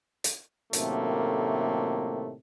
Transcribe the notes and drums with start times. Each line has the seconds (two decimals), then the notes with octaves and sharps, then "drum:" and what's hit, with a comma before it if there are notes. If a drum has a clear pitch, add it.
0.24 drum: hi-hat
0.73 F#2 A2 C3 D#3 A3 A#3, drum: hi-hat